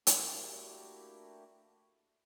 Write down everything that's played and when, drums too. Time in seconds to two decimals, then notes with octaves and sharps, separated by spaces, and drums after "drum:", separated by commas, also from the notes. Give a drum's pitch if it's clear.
0.07 A3 A#3 D4 E4 F#4 G4, drum: hi-hat